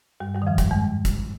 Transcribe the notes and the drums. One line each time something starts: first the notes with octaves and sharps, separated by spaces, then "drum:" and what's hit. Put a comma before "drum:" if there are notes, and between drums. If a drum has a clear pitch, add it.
G2 G3
G2 G3
D#3
F2 F3
G2 G3, drum: kick, hi-hat
G#2 G#3
drum: kick, hi-hat